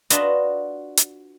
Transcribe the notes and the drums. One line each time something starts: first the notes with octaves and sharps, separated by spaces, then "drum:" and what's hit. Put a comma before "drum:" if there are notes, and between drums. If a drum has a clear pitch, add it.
D4 F4 F#4 B4 D5 D#5, drum: hi-hat
drum: hi-hat